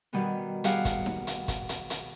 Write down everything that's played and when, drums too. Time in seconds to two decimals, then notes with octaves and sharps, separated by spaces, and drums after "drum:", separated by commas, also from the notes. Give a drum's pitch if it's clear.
0.13 B2 D#3 G3 B3
0.64 G3 B3 G4 G#4 F5 F#5, drum: hi-hat
0.85 drum: kick, hi-hat
1.06 drum: snare D#4
1.27 drum: hi-hat
1.48 drum: kick, hi-hat
1.69 drum: hi-hat
1.90 drum: hi-hat